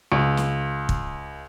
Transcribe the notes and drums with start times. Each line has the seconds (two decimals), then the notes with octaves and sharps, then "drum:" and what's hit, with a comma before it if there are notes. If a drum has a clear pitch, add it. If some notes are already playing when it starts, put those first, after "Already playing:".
0.12 C#2
0.37 drum: snare
0.89 drum: kick